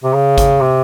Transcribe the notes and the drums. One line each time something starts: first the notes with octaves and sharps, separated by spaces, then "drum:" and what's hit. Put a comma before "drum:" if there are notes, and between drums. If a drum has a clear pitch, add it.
C3
C#3
drum: kick G#1, hi-hat
C3